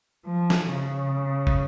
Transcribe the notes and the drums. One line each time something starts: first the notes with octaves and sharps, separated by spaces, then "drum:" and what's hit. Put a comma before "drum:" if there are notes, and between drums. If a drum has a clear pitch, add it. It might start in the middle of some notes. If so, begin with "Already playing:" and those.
F3
drum: snare
C#3
drum: kick